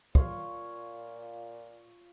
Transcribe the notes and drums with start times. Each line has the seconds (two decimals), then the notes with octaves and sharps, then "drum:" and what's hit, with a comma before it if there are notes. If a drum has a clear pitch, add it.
0.15 A#2 F4 C#5 C6, drum: kick